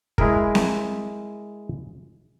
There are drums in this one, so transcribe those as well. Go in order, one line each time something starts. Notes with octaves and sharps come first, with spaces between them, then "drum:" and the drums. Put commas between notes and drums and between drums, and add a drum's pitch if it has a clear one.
G#3 E4 G#4 A#4, drum: kick
drum: snare C4